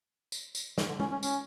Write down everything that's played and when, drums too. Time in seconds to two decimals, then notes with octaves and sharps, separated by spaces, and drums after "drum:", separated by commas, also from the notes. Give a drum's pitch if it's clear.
0.32 drum: tambourine
0.55 drum: tambourine
0.78 E3, drum: snare
0.89 D3
1.00 C#4, drum: tom G#3
1.11 C#4
1.23 C#4, drum: tambourine